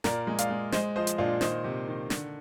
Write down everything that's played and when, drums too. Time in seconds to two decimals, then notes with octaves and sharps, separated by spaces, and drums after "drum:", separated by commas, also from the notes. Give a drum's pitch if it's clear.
0.04 A#2 A#4 D5, drum: snare
0.27 G#3
0.39 D5 F5, drum: hi-hat
0.50 G#3
0.72 G#3 C5 D#5, drum: snare
0.96 F3 C5 D#5
1.07 drum: hi-hat
1.18 A#2 D4 F4
1.41 D#3 C5 D#5, drum: snare
1.64 C3
1.88 D#3
2.10 D3, drum: snare